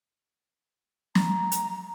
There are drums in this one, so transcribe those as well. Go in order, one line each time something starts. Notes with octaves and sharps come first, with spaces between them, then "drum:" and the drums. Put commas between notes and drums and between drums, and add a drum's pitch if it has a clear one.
A#5, drum: snare
drum: hi-hat